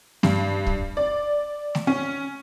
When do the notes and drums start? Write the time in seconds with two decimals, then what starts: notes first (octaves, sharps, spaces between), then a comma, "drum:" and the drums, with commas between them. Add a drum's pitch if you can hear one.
0.23 G2, drum: snare A3
0.66 drum: kick
0.97 D5
1.75 drum: snare A3
1.87 C#4